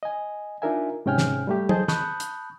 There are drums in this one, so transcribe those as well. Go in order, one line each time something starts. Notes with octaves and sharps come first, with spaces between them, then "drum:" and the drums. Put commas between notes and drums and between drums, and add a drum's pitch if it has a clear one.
D#5 G#5
D4 D#4 F4 A#4 E5 G#5
G#2 C3 C#4 G5 G#5 F6
drum: snare
G3 A3 G4
G#4 A4 C5 D#5 A5 G6, drum: tom
A5 B5 C#6 D#6 F#6 G6, drum: snare
drum: hi-hat